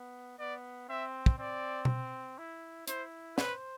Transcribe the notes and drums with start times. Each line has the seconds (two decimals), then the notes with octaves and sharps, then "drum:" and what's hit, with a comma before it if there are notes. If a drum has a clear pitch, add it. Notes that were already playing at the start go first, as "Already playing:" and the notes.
Already playing: B3
0.39 B3 D5
0.89 C4 E5
1.26 drum: kick
1.39 C4 D5
1.85 drum: tom B2
2.39 E4
2.88 E4 C5, drum: hi-hat
3.38 B4 C5, drum: snare